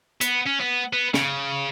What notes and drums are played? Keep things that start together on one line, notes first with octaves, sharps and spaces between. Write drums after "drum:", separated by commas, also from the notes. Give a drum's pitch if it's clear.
B3, drum: hi-hat
C#4
B3
B3
C#3, drum: snare